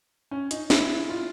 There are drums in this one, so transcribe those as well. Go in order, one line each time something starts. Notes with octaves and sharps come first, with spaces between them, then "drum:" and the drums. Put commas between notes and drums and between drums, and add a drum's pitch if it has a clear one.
C#4
D#4, drum: hi-hat
E4, drum: snare
F4